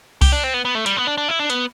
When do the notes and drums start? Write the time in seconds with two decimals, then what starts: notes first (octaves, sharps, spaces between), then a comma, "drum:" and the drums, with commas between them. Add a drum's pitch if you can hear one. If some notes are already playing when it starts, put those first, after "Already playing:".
0.21 G4, drum: kick C2, open hi-hat
0.32 D4
0.44 C4
0.54 B3
0.65 B3
0.75 A3
0.86 G3, drum: hi-hat
0.97 B3
1.07 D4
1.18 D4
1.28 E4
1.39 D4
1.50 B3, drum: hi-hat